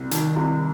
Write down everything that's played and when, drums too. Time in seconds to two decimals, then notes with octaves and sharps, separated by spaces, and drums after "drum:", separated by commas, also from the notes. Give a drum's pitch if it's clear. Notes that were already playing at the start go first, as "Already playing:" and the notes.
Already playing: C2
0.11 D#3 D#4, drum: hi-hat
0.36 C2 E4